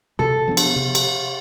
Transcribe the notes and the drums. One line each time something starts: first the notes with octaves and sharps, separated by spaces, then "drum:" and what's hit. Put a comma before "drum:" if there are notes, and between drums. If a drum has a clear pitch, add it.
C3 A4
F3 B3 D4
drum: cymbal
C3
drum: cymbal